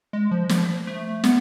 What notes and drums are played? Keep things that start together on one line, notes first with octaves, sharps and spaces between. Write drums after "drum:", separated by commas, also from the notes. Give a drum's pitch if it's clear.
G#3
F3
F3, drum: snare
A3
B3, drum: snare